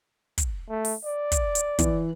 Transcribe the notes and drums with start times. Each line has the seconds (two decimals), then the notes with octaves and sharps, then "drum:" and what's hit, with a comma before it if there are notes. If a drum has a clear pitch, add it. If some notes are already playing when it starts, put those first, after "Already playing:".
0.38 drum: kick, hi-hat
0.69 A3
0.85 drum: open hi-hat
1.05 D5
1.32 drum: kick, hi-hat
1.55 drum: hi-hat
1.79 E3, drum: kick, hi-hat